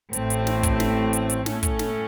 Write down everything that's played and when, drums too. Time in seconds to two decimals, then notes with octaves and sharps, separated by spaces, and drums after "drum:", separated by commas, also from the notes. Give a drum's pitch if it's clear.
0.13 A1 A2 A3 C4, drum: hi-hat
0.30 drum: hi-hat
0.47 drum: snare
0.63 drum: kick, hi-hat
0.80 drum: snare
1.13 drum: hi-hat
1.30 drum: hi-hat
1.46 A2 A3 C#4 A4, drum: snare
1.63 drum: kick, hi-hat
1.79 drum: snare